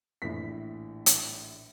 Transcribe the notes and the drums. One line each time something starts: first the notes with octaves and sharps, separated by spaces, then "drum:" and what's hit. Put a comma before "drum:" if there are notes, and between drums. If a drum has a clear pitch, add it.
A#1 A2 E3 B6
drum: hi-hat